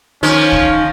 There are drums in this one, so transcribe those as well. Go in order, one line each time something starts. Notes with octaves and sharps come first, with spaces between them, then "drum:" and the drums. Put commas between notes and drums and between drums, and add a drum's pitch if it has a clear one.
D#3 F3 A#3 C#4
drum: kick